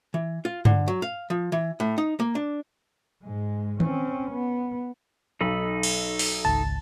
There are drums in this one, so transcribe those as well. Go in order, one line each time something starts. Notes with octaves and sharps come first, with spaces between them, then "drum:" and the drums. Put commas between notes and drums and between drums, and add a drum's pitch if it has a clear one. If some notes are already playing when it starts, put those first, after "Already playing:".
E3
F4
D3, drum: tom G2
F#3
F5
F3
E3
A2
D#4
A#3
D4
G#2 G#3
C4 C#4, drum: tom D#3
B3
B1 D#4 A4 B5
drum: cymbal
drum: open hi-hat
G#1 C#2 A5